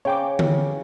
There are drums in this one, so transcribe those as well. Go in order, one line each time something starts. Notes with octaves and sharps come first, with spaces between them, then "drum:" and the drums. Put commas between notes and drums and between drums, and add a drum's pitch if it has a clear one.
C#3 C#5 G5 D6
drum: tom D3